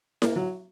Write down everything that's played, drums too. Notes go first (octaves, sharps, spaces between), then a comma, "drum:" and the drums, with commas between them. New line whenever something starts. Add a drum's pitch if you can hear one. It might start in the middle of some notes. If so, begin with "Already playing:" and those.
A#3, drum: snare E4
F#3